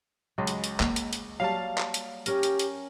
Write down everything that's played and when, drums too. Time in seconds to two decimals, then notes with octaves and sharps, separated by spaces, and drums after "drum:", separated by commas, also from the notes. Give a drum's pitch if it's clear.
0.38 C#2 F#3 G#3
0.47 drum: hi-hat
0.64 drum: hi-hat
0.80 A#3, drum: clap
0.96 drum: hi-hat
1.13 drum: hi-hat
1.40 F#3 G3 F5 A5
1.78 drum: clap
1.94 drum: hi-hat
2.26 C#4 G4 A#4, drum: hi-hat
2.43 drum: hi-hat
2.59 drum: hi-hat